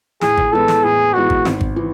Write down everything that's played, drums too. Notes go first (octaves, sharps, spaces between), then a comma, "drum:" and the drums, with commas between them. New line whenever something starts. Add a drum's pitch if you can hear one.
A2 G#4, drum: snare
drum: kick G#1
E3 G#3 B3 A4
drum: snare
A2 G#4
E3 G#3 B3 F#4
drum: kick G#1
G#1, drum: snare
drum: kick G#1
E3